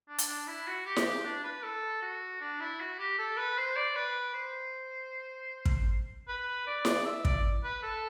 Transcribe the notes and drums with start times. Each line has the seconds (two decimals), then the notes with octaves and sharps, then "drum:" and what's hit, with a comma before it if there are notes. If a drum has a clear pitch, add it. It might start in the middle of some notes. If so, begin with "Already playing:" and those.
0.08 D4
0.19 drum: hi-hat
0.28 D4
0.48 E4
0.67 F#4
0.86 G4
0.96 drum: snare E4
1.05 G4
1.25 D4
1.44 B4
1.63 A4
2.02 F#4
2.40 D4
2.61 E4
2.80 F#4
2.99 G4
3.19 A4
3.37 B4
3.57 C5
3.77 D5
3.96 B4
4.34 C5
5.65 drum: kick
6.28 B4
6.67 D5
6.85 drum: snare E4
7.05 E5
7.25 D5, drum: kick
7.64 B4
7.83 A4